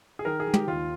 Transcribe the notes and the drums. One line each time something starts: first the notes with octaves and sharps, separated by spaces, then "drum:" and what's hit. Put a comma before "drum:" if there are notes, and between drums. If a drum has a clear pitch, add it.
G#4
D#3 A#4
G#4
D#3
G4, drum: tom
D#2 F4